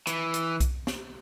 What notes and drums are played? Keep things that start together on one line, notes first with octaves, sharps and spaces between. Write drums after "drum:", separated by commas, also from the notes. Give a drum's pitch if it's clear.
E3, drum: hi-hat
drum: hi-hat
drum: kick B1, hi-hat
drum: snare